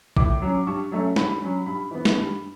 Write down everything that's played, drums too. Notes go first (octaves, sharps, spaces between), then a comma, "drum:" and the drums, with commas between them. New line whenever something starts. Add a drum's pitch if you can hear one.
A2 D6, drum: kick A1
F#3 C#4
G2 C#6
F#3 A3 C#4
G2 B5, drum: snare
F#3 C#4
G2 B5
E3 B3
drum: snare
G2